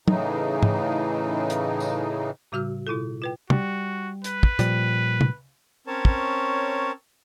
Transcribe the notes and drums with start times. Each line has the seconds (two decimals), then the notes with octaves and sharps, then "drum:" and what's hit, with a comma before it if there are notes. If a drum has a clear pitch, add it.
0.08 A2 C#3 E3 D#4, drum: tom
0.63 drum: tom
1.50 drum: hi-hat
1.80 drum: tambourine
2.52 A2 C#3 G3 F#4 E6 F6
2.87 B2 E4 F4 A4
3.22 F4 B4 G5
3.50 G3 F#4, drum: tom
4.24 B4, drum: hi-hat
4.43 drum: kick
4.59 A#2 F3 G3, drum: hi-hat
5.21 drum: tom
5.87 C4 C#4 A#4 C#5 A5
6.05 drum: kick